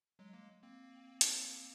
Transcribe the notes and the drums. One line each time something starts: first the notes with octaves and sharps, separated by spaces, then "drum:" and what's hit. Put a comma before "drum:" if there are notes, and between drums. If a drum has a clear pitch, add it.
F#3 G#3
G#3 A#3
A#3 C4
drum: hi-hat